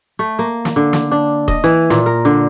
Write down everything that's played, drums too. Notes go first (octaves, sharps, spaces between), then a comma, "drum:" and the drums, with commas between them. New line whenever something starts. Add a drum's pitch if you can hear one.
A3
A#3
drum: snare
D3
drum: snare
D4
D#5, drum: kick D#1
E3
A#2, drum: snare
A#4
D3